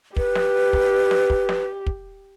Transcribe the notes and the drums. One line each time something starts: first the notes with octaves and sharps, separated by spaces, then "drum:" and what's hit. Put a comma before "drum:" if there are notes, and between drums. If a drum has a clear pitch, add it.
G4 B4, drum: kick
drum: snare
drum: kick
drum: snare
drum: kick
drum: snare
drum: kick